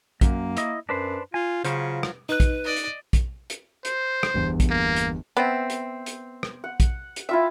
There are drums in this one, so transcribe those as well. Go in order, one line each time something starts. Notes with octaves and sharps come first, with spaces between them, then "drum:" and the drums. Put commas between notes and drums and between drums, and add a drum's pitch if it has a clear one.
F#2 A#3, drum: kick A#1, hi-hat
E4 D#5, drum: hi-hat
F#2 D4 B4 C5
F4 G#5
C#3 F#3 F4 C5, drum: hi-hat
drum: rim click
D#4 B4 F#6
drum: kick A#1, hi-hat
D5 D#5
drum: hi-hat
drum: kick A#1, hi-hat
drum: hi-hat
C5, drum: hi-hat
drum: rim click
G1 E2
drum: kick A#1, hi-hat
A#3
drum: hi-hat
B3 C4 E5
drum: hi-hat
drum: hi-hat
drum: rim click
F#5
drum: kick A#1, hi-hat
drum: hi-hat
E4 F4 E5 G5